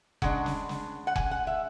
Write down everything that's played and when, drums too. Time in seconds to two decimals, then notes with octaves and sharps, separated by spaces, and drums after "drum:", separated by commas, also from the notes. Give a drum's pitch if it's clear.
0.22 C#3 G#3 D4 F#5, drum: kick F1
0.46 drum: snare
0.69 drum: snare
1.07 F#5
1.16 G#5, drum: kick F1
1.31 F#5
1.47 E5